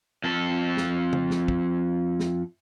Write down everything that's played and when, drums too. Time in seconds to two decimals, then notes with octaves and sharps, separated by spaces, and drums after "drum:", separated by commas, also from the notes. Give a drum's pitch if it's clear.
0.24 F2 A4
0.77 drum: snare
1.13 drum: tom C#3
1.31 drum: snare
1.48 drum: kick
2.20 drum: snare